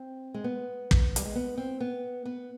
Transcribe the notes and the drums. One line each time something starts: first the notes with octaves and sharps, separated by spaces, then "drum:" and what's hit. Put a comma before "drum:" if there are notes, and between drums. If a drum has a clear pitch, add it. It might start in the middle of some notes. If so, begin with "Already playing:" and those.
Already playing: C4
G#3
B3
drum: kick
G3, drum: hi-hat
G#3
B3
C4
B3
B3